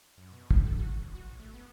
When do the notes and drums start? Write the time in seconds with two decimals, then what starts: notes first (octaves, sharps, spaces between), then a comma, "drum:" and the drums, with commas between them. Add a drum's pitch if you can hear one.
0.18 F#2
0.32 B2
0.51 G#2, drum: kick
0.65 A4
0.78 F#4
0.97 A1
1.15 F#4
1.28 A#1
1.40 A3
1.54 B3